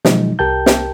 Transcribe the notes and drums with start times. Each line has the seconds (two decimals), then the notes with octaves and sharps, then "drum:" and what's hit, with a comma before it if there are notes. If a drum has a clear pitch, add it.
0.05 B2 D#3 F3 F#3 G#3 D#4, drum: snare
0.39 C2 G4 A#4 G5 A5 G6
0.66 drum: snare